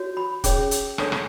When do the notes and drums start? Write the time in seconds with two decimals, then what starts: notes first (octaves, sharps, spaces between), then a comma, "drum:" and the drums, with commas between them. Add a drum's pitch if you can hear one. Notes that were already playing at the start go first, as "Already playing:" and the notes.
Already playing: F#4 C#5
0.17 B5
0.44 C#4 G#4 C#5 D6, drum: kick, hi-hat
0.71 drum: hi-hat
0.98 D4 A4 C#5, drum: rim click
1.12 drum: rim click